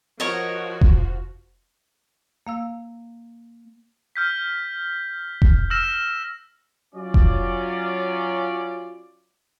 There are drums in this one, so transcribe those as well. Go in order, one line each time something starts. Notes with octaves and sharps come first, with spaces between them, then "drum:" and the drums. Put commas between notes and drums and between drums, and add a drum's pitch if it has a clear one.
F3 F#4 A#4 C#5 D#5
drum: kick F1
A#3 F5 E6
F6 G6 B6
drum: kick F1
E6 F6 A#6 E7
F#3 C#4 F4 D5
drum: kick F1